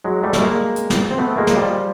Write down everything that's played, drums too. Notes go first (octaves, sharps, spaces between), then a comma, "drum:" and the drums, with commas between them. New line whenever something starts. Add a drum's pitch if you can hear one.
F#3 G#3
G3 A3
drum: snare
G#3 A#3
drum: hi-hat
drum: snare
C4
A3 B3
G#3 A#3
drum: snare
F3 G3